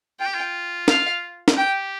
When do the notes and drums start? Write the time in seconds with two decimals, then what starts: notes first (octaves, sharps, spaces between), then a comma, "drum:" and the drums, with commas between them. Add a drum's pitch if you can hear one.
0.20 F4 G5
0.26 G4
0.34 F4
0.88 F5, drum: snare
1.48 drum: snare
1.57 G4 G5